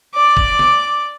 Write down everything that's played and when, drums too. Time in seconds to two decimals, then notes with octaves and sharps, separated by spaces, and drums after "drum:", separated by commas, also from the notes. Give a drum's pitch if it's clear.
0.14 D5 D6
0.37 drum: kick
0.59 drum: snare